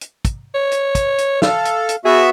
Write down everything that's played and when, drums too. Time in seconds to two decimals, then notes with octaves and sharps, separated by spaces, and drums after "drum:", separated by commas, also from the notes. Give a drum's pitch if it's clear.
0.01 drum: hi-hat
0.25 drum: kick, hi-hat
0.54 C#5
0.72 drum: hi-hat
0.95 drum: kick, hi-hat
1.18 drum: hi-hat
1.42 A4 F5, drum: snare
1.65 drum: hi-hat
1.89 drum: hi-hat
2.05 B3 F#4 G#4 E5